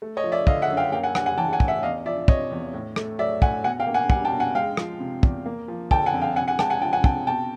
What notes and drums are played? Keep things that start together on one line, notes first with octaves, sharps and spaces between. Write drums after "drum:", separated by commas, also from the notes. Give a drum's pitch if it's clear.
A3
C#5 D#5
F3
D5 E5
D3 D#5 F5, drum: kick
E5 F#5
F#2
F5 G5
A#3 F5 G5
F#5 G#5
G3 F#5 G#5, drum: rim click
F#5 G#5
E3 G5 A5
F#5 G#5
A2, drum: kick
E5 F#5
E2 D#5 F5
F3 D5 E5
C3 C#5 D#5, drum: kick
E2
A2
A3, drum: rim click
F#3 D5 E5
A2 F#5 G#5, drum: kick
B2 F#5 G#5
F5 G5
A#3
F#5 G#5
G3 F#5 G#5, drum: kick
G5 A5
B2
F#5 G#5
G#3 F5 G5
F3, drum: rim click
C3
E2, drum: kick
A#3
F3
D3 G5 A5, drum: kick
F#5 G#5
F2
F5 G5
C3 F#5 G#5
F#5 G#5
G#3 G5 A5, drum: rim click
F#5 G#5
F3 G5 A5
F#5 G#5
C3 G5 A5, drum: kick
B2 G5 A5